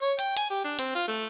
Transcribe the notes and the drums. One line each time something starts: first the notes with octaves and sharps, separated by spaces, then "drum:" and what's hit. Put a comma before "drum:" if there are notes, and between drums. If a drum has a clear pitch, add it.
C#5
G5, drum: hi-hat
G#5, drum: hi-hat
G4
D4
C4, drum: hi-hat
F4
A3